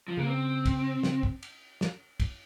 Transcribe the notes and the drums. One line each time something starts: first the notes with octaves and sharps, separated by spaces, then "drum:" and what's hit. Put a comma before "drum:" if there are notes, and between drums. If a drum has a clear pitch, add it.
F3
C#3 A#3
C4
drum: kick, cymbal
C3
C#3, drum: snare
drum: kick
drum: cymbal
drum: snare
drum: kick, cymbal